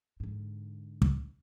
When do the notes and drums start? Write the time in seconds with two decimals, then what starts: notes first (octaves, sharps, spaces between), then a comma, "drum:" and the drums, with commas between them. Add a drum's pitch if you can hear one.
0.20 G#2 D3
1.02 drum: kick